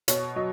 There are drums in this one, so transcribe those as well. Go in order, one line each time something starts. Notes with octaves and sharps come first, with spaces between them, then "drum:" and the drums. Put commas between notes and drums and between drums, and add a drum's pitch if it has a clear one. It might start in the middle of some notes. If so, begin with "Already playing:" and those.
B2 C#5, drum: hi-hat
F#3 D#5